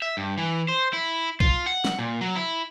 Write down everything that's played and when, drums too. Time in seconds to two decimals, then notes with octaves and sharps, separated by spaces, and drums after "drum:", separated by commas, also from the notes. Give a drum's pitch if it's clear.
0.02 E5
0.17 G2
0.38 E3
0.68 C5
0.93 E4
1.40 F4, drum: kick B1
1.66 F#5
1.85 drum: snare
1.99 A#2
2.21 F#3
2.36 E4